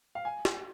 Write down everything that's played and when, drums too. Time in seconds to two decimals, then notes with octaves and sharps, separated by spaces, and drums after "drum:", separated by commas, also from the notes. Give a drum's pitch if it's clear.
0.15 F5
0.25 G#5
0.45 drum: snare